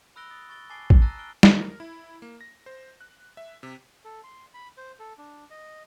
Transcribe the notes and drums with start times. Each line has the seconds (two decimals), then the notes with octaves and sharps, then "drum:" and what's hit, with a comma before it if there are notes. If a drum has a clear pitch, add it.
0.16 B5 E6 F#6 A#6 D7 G7
0.30 D#6 A6
0.49 C#6 A6 G7
0.70 G#5 A5 D6 A6 C7 G7
0.90 drum: kick A#1
1.02 A5 A#5 E6 F#6 A6 A#6
1.17 F6 F#6 D7 G7
1.43 D#2, drum: snare
1.61 A#4
1.80 E4
2.22 A#3
2.41 A#6
2.66 C5
3.01 F#6
3.37 E5
3.63 C3
4.05 A4
4.24 C6
4.54 B5
4.77 C5
4.99 A4
5.18 D4
5.50 D#5